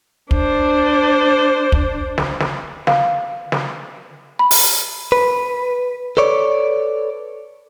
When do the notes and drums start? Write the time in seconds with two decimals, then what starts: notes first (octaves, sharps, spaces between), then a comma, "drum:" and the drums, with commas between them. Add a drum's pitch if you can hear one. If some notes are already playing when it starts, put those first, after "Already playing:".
0.31 D4 C5, drum: kick
1.72 drum: kick
2.18 drum: snare
2.40 drum: snare
2.87 F5, drum: snare
3.52 drum: snare
4.39 B5
4.51 drum: open hi-hat
5.12 B4
6.17 A4 B4 C#5 D5